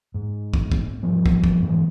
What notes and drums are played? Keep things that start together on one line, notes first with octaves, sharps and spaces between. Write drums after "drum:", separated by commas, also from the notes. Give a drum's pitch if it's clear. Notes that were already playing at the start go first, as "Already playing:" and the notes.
G#2
drum: kick
drum: kick
G#2 F3 G3
drum: kick
drum: kick
F#1 G#2 E3 F#3